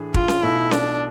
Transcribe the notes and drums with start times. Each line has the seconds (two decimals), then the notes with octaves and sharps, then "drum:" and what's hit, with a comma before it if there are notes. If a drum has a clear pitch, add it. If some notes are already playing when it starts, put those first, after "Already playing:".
Already playing: A2 E3 A3 D4 G#4
0.14 F4, drum: kick
0.28 drum: snare C#4
0.43 B1 B2 A3 E4
0.71 D4, drum: snare C#4